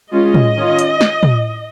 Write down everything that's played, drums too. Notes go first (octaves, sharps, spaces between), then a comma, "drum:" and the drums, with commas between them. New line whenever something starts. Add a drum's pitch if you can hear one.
G#3 C#4 F4 D#5
drum: tom
D#3 C#4 F4
drum: hi-hat
drum: snare
drum: tom